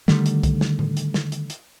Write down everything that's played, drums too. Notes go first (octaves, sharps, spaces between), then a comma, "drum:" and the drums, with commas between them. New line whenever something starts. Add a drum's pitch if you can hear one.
D3 D#3 G3 A3, drum: snare
drum: hi-hat
drum: kick B1, hi-hat
drum: snare
drum: tom A2
drum: hi-hat
drum: snare
drum: hi-hat
drum: hi-hat